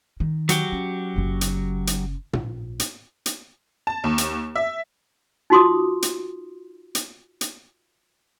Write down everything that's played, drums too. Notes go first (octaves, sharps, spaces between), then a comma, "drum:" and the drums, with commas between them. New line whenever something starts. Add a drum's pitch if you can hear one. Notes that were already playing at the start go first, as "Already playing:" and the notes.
D#3
F#3 F#4 G4, drum: hi-hat
C#4
F#1 C#3
drum: hi-hat
drum: hi-hat
A#1, drum: tom
drum: hi-hat
drum: hi-hat
A5
D#2
drum: hi-hat
E5
D#4 F4 F#4 C6 D6 D#6
drum: hi-hat
drum: hi-hat
drum: hi-hat